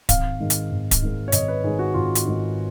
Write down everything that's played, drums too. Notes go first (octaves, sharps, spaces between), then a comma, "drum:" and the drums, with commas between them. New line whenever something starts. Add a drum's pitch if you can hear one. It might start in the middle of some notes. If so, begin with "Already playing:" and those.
G#1 F5, drum: kick D1, hi-hat
G#2 D#3 G#3
drum: hi-hat
G#1
drum: kick D1, hi-hat
G#2 D#3 G#3
C#5
G#1 D#5, drum: hi-hat
B4
G#2 D#3 G#3 G#4
F#4
G#1 F4
drum: hi-hat
G#2 D#3 G#3